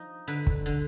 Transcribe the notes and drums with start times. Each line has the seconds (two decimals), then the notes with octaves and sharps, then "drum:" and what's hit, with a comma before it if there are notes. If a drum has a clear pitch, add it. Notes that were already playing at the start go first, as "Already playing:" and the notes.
Already playing: F3 D#4
0.27 D3 B4
0.47 drum: kick
0.66 D3